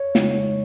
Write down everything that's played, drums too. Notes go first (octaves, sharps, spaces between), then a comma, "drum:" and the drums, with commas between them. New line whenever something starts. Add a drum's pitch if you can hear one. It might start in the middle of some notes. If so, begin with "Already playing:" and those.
Already playing: C#5
C#3 G#3 D#4, drum: snare